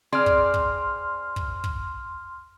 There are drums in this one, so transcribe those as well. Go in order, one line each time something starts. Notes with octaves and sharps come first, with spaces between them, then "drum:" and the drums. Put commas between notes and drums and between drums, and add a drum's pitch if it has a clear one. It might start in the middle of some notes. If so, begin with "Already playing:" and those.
C4 G#4 D5 C6 F6
drum: kick
drum: kick
drum: kick
drum: kick